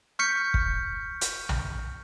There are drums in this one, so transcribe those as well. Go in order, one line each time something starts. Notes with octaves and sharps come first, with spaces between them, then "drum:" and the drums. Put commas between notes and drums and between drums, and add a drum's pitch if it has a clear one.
C#6 F6 G6 B6 C#7
drum: kick
drum: hi-hat
drum: tom B1